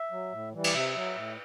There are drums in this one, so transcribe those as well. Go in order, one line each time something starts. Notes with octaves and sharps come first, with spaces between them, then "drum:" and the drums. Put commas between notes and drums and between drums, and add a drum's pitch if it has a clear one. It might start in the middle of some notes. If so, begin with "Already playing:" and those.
Already playing: E5
F#3
A2
E3 G3
D5, drum: cymbal
C3 E5
F#3
A2